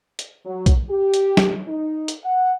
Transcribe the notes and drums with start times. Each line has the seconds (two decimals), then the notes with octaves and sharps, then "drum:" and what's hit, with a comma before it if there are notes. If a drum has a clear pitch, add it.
0.19 drum: hi-hat
0.45 F#3
0.66 drum: kick B1, hi-hat
0.90 G4
1.14 drum: hi-hat
1.37 drum: snare
1.68 D#4
2.08 drum: hi-hat
2.24 F#5